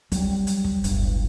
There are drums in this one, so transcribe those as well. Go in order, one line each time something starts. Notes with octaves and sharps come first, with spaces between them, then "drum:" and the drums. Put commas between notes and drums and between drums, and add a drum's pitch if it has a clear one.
F#3 G3, drum: kick, hi-hat
drum: hi-hat
drum: kick
D1 G1 G2, drum: hi-hat